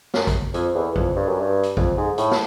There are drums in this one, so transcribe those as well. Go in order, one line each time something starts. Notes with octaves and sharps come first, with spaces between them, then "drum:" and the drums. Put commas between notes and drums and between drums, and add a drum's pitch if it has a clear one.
F#2, drum: snare
drum: kick A1, hi-hat
F2, drum: hi-hat
E2
F2, drum: kick A1
G2
F#2
G2
drum: hi-hat
F2, drum: kick A1
G#2
A2, drum: hi-hat
drum: snare